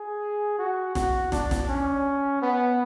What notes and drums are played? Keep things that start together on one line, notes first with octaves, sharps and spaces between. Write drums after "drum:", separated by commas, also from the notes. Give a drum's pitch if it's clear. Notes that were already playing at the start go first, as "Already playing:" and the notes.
Already playing: G#4
F#4
F#4, drum: snare
D4, drum: snare
drum: snare
C#4
B3